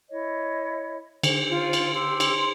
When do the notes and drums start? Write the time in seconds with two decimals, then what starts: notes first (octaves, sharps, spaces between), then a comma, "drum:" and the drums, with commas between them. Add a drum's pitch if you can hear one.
0.10 E4 C#5 D#5
1.23 D3 C5, drum: cymbal
1.50 F4
1.73 drum: cymbal
1.95 G4 C6 E6
2.20 drum: cymbal